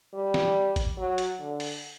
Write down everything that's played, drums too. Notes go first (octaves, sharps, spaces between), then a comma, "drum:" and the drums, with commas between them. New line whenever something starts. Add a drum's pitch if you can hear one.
G3
drum: snare
drum: kick G#1, hi-hat
F#3
drum: hi-hat
D3
drum: open hi-hat